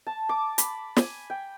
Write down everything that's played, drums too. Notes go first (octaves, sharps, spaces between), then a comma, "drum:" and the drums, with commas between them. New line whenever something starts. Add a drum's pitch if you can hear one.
A5
D6
B5, drum: hi-hat
G#5, drum: snare
G5